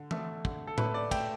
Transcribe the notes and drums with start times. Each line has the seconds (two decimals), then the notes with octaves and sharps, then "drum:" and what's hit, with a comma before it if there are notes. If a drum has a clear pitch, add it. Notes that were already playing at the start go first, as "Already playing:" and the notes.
Already playing: D3
0.11 A3, drum: tom E3
0.45 D3, drum: kick
0.67 A4
0.78 A3 B4, drum: tom A2
0.94 D5
1.11 A3 G5, drum: kick, cymbal